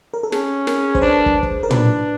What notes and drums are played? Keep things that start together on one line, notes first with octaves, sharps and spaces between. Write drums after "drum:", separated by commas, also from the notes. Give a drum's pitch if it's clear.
A#4
A4
C#4 G#4, drum: snare
A#4, drum: snare
C5, drum: kick
D4 B4
drum: kick
drum: kick
A#4
D4 B4, drum: tom